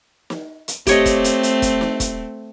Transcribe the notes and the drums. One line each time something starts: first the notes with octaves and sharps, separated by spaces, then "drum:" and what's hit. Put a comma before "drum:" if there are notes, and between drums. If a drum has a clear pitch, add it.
drum: snare
drum: hi-hat
A3 C4 G4 C#5 D#5, drum: kick, hi-hat
drum: kick, hi-hat
drum: hi-hat
drum: hi-hat
drum: kick, hi-hat
drum: snare
drum: kick, hi-hat